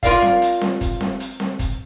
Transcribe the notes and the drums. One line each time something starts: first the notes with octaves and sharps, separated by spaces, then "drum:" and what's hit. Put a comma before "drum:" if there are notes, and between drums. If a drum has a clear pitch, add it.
F4 A#4 D5 F5, drum: kick, hi-hat
drum: snare C4
drum: hi-hat
drum: snare C4
drum: kick, hi-hat
drum: snare C4
drum: hi-hat
drum: snare C4
drum: kick, hi-hat